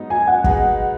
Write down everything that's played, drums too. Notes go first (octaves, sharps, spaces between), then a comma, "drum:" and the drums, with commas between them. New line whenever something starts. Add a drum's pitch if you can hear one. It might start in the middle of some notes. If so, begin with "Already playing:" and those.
Already playing: G#2 F#3 B3 D#4
G#5
F#5
B2 G#3 D#4 G#4 B4, drum: kick